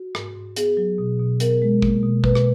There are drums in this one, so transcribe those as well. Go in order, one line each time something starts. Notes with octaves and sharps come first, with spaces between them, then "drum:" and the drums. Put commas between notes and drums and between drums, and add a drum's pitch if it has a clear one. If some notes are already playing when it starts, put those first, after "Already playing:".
Already playing: F#4
G#2, drum: rim click
G#2
B3 G#4, drum: hi-hat
F#3
B2
B2
B3 A#4, drum: hi-hat
G#3
A#3, drum: kick
B2
B2 B4, drum: kick
B4, drum: rim click